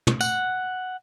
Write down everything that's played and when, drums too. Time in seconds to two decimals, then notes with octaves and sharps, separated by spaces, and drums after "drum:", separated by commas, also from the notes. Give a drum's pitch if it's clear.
0.07 drum: tom
0.21 F#5, drum: tambourine